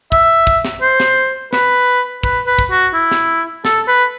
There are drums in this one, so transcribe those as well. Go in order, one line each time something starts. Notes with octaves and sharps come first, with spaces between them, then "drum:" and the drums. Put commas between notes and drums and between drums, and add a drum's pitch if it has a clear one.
E5, drum: kick
drum: kick
drum: snare
C5
drum: snare
B4, drum: snare
B4, drum: kick
B4
drum: kick
F#4
E4
drum: snare
A4, drum: snare
B4